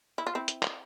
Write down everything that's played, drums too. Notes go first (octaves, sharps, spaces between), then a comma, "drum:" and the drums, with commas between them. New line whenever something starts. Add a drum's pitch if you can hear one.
E4
F4
C4 E4
drum: hi-hat
drum: clap